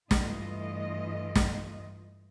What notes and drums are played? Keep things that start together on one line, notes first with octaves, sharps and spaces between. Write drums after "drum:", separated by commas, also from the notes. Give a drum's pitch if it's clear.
G2 E3 A3 F4 D#5, drum: snare
drum: snare